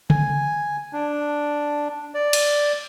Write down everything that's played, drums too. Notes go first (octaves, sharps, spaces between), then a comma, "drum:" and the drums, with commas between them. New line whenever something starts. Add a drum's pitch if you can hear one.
G#5, drum: tom C#3
D4
D5
drum: cymbal